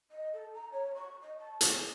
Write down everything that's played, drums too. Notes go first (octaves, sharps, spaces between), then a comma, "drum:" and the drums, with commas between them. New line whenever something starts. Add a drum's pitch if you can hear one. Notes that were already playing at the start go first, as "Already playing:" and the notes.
D#5
A4
A#5
C#5
C#6
D#5
A5
C#6, drum: hi-hat
G#4